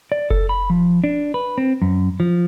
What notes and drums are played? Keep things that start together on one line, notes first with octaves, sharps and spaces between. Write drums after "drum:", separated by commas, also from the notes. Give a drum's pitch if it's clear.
D5
A4, drum: kick F#1
B5
F3
D4
B4
C4
F#2
F3